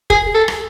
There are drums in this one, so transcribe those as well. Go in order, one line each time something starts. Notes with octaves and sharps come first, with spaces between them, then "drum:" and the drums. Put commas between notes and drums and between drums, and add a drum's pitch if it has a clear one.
G#4, drum: kick
A4
drum: rim click